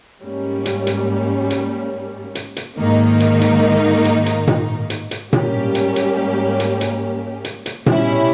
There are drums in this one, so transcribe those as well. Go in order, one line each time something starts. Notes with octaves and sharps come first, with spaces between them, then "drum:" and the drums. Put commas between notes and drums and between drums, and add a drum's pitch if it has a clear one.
G#2 G3 A#3 C#4
drum: hi-hat
drum: hi-hat
drum: hi-hat
drum: hi-hat
drum: hi-hat
G#2 D#3 A#3 D#4
drum: hi-hat
drum: hi-hat
drum: hi-hat
drum: hi-hat
drum: tom A#2
drum: hi-hat
drum: hi-hat
G#2 G3 A#3 C#4 G4, drum: tom A#2
drum: hi-hat
drum: hi-hat
drum: hi-hat
drum: hi-hat
drum: hi-hat
drum: hi-hat
B2 G3 C#4 E4, drum: tom A#2